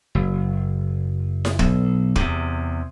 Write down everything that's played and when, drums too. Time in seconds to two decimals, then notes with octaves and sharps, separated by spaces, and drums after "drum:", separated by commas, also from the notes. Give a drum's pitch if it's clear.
0.15 F#1
1.45 drum: snare E4
1.59 B1, drum: kick
2.16 E2 C3, drum: kick